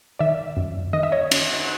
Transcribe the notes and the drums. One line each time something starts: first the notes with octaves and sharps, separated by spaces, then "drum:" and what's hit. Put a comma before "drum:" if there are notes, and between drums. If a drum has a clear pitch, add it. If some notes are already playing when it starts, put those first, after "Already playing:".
D#3 D5 E5
F#2
D#3 D#5
E5
C#5 D#5
C#4, drum: cymbal